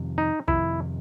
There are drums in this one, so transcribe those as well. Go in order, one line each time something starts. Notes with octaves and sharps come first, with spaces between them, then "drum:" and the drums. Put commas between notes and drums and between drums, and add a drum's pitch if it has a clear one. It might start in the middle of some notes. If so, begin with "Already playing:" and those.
Already playing: F2 C3 D#3
D#4
F2 C3 D#3 E4, drum: kick